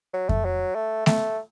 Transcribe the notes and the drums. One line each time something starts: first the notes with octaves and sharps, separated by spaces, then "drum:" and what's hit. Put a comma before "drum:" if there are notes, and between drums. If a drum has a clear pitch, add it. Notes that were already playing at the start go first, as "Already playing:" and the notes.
F#3
A3, drum: kick F2
F#3
A3
A3, drum: snare A3